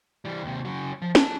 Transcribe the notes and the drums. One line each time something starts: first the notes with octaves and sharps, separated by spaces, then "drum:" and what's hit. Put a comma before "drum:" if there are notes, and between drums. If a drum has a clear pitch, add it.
E3 G3
D#2 C3
C#3 F#3
F3
C#4 A5, drum: snare